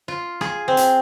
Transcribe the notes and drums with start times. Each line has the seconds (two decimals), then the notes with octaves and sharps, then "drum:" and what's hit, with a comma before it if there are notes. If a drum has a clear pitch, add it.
0.08 F4
0.41 G#4, drum: rim click
0.68 C4
0.77 drum: hi-hat